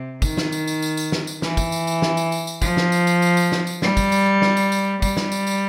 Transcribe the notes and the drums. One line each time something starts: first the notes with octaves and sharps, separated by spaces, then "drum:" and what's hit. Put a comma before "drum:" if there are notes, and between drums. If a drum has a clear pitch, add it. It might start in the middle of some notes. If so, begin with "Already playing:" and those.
Already playing: C3
D#3, drum: kick, tambourine
drum: snare
drum: tambourine
drum: tambourine
drum: tambourine
drum: tambourine
drum: snare
drum: tambourine
E3, drum: snare
drum: kick, tambourine
drum: tambourine
drum: tambourine
drum: snare
drum: tambourine
drum: tambourine
drum: tambourine
F3, drum: kick, tambourine
drum: snare
drum: tambourine
drum: tambourine
drum: tambourine
drum: tambourine
drum: snare
drum: tambourine
G3, drum: snare
drum: kick, tambourine
drum: tambourine
drum: snare
drum: tambourine
drum: tambourine
G3, drum: kick, tambourine
drum: snare
drum: tambourine
drum: tambourine